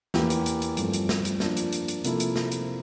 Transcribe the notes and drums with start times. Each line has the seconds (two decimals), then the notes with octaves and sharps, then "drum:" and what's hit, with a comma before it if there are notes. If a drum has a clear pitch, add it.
0.14 E2 E3 A#3 E4 G4, drum: snare
0.30 drum: hi-hat
0.46 drum: hi-hat
0.62 drum: hi-hat
0.77 G2 F3 A3 C4, drum: hi-hat
0.93 drum: hi-hat
1.09 drum: snare
1.25 drum: hi-hat
1.40 F3 A#3 D4, drum: snare
1.57 drum: hi-hat
1.72 drum: hi-hat
1.88 drum: hi-hat
2.04 C3 F3 A#3 E4 A4, drum: hi-hat
2.20 drum: hi-hat
2.36 drum: snare
2.51 drum: hi-hat